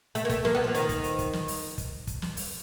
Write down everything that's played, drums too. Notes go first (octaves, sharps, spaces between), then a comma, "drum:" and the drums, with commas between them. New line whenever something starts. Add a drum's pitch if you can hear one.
A3, drum: hi-hat
A#3
A3, drum: kick, hi-hat
A#3, drum: snare
B3
F3
D#3, drum: hi-hat
drum: kick, hi-hat
drum: hi-hat
drum: kick, hi-hat
drum: snare
drum: open hi-hat
drum: kick, hi-hat
drum: kick, hi-hat
drum: snare
drum: open hi-hat